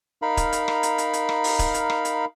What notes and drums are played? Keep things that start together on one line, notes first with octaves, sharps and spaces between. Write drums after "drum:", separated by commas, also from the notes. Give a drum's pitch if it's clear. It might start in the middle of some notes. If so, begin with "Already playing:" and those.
D#4 A#4 F5 B5
drum: kick D1, hi-hat
drum: hi-hat
drum: rim click
drum: hi-hat
drum: hi-hat
drum: hi-hat
drum: rim click
drum: open hi-hat
drum: kick D1, hi-hat
drum: hi-hat
drum: rim click
drum: hi-hat